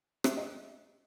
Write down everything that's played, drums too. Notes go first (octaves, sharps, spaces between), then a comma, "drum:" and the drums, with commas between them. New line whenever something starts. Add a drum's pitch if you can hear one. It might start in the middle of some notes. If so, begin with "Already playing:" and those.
E5, drum: rim click
D#5